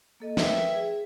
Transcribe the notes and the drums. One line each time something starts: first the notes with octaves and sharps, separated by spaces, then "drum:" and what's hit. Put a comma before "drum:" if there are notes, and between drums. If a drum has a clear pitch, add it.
A#3 A4 D#5
A#4 B4 E5 G5, drum: snare
G#4